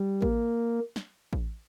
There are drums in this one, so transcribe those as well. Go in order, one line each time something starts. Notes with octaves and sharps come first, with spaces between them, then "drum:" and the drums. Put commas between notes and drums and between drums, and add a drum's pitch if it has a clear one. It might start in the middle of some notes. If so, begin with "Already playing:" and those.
Already playing: G3
A#3, drum: kick A1
drum: snare
drum: kick A1